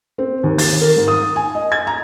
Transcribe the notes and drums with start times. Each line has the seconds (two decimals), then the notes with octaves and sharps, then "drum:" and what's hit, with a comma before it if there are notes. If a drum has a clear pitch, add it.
0.18 C4
0.43 D#2
0.58 A6, drum: open hi-hat
0.81 A#4
0.96 G#2
1.08 D#6
1.36 G#5
1.55 D#5
1.72 G#6
1.87 A#5